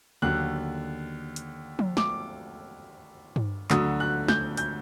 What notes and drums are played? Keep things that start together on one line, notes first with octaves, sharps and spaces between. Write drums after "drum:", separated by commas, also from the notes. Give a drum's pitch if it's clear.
D#2 D3 F#3 F#6
drum: hi-hat
drum: tom F3
D6, drum: snare
drum: tom G2
D2 D3 F#3 D#6, drum: clap
F#6
G6, drum: snare
G6, drum: hi-hat